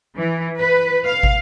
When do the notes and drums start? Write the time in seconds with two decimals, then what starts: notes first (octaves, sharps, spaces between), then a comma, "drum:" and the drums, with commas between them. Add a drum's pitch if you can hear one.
0.18 E3
0.61 B4
1.06 F5
1.23 drum: kick